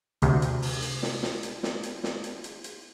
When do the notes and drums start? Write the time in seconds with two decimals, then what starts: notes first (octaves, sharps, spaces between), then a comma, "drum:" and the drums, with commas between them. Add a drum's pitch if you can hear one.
0.22 D2 C3, drum: hi-hat
0.42 drum: hi-hat
0.62 drum: open hi-hat
0.82 drum: hi-hat
1.03 drum: snare
1.23 drum: snare
1.43 drum: hi-hat
1.63 drum: snare
1.83 drum: hi-hat
2.04 drum: snare
2.24 drum: hi-hat
2.44 drum: hi-hat
2.64 drum: hi-hat